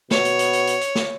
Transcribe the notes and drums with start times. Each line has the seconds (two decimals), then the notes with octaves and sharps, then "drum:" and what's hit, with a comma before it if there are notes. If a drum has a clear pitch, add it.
0.11 B2 C#5, drum: snare
0.25 drum: hi-hat
0.39 drum: hi-hat
0.53 drum: hi-hat
0.67 drum: hi-hat
0.81 drum: hi-hat
0.95 drum: snare